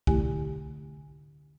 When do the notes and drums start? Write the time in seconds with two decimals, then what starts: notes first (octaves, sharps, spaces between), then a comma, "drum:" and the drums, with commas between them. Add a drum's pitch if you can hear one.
0.07 D3 A3 E4 G4 G#5, drum: kick